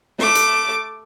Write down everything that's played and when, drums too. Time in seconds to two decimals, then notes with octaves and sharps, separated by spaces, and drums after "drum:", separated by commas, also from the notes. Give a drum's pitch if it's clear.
0.19 A3 D6, drum: snare
0.35 drum: hi-hat